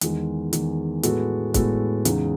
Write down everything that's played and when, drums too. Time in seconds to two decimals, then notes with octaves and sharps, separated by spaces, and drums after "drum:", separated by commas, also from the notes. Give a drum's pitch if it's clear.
0.01 E2 D#3 G#3, drum: hi-hat
0.53 E2 D#3 G#3, drum: hi-hat
1.03 A2 G#3 B3 F#4 A4, drum: hi-hat
1.54 A2 G#3 B3 F#4 A4, drum: kick, hi-hat
2.05 E2 C#3 G#3 D#4 G#4, drum: hi-hat